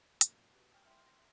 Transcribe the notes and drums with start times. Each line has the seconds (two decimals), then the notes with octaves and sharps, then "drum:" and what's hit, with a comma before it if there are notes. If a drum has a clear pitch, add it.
0.21 F#2 A#2, drum: hi-hat
0.52 F#4 G4 B4
0.73 G5 G#5 F6 G6
0.85 E4 G4 C6
1.03 E5 A#6